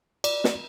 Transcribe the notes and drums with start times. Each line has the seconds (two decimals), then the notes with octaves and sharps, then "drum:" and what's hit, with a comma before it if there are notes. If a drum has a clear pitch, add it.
0.24 D5, drum: cymbal
0.44 drum: snare